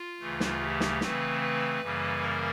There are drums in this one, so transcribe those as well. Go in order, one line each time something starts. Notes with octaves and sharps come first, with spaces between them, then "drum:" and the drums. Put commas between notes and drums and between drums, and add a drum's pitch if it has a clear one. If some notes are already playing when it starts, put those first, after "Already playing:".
Already playing: F4
D2 C#3 E3 A3
drum: snare
G4
drum: snare
C#3 E3 A3 C4 B4, drum: snare
B4
F#2 C#3 E3 G3 A#3
A#4